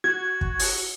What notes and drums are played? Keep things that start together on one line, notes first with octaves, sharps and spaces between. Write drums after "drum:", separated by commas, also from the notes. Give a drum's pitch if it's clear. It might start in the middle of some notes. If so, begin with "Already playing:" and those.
F#4 G#6
drum: kick
drum: open hi-hat